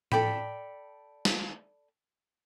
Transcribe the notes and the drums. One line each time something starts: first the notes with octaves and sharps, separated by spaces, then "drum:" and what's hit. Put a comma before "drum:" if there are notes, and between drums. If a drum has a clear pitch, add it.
A4 D5 G5 B5, drum: tom A2
drum: snare